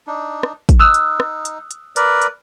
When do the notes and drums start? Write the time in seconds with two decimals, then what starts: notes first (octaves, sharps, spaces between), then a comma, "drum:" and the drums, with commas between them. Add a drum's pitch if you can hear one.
0.07 D4 D#4
0.43 drum: rim click
0.69 drum: kick, hi-hat
0.80 D#4 D#6 E6 F#6
0.94 drum: hi-hat
1.20 drum: rim click
1.45 drum: hi-hat
1.71 drum: hi-hat
1.96 A#4 B4 D5, drum: hi-hat
2.22 drum: hi-hat